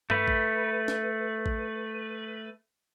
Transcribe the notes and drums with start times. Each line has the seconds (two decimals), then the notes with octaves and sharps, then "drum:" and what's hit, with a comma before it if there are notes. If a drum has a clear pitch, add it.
0.10 A3 B4, drum: tom G2
0.28 drum: kick A1
0.88 drum: snare
1.46 drum: kick A1